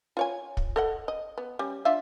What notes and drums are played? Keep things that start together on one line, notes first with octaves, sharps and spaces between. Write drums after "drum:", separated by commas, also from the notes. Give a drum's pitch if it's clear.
F4 C#5 G#5
drum: kick
A4 D#5 F#5
D#5
B3
G3 C#4
D4 F4 E5